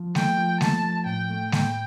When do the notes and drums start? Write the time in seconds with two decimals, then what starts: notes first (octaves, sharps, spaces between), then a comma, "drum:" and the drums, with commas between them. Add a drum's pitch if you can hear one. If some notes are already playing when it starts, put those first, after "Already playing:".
Already playing: F3
0.15 A3 G5, drum: snare G#3
0.38 F3
0.61 A3 A5, drum: snare G#3
0.83 F3
1.06 A2 G5
1.30 A3
1.52 A2 G5, drum: snare G#3